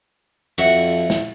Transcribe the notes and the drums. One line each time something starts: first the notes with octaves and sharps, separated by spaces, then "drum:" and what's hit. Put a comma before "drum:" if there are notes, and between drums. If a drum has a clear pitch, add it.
F2 F#4 E5 F#5, drum: cymbal
drum: snare